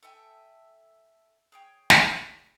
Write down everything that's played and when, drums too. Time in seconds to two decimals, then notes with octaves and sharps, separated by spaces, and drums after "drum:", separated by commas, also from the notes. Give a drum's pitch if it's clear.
0.03 A4 E5 G5 G#5
1.52 G#4 C#5 G5
1.90 drum: snare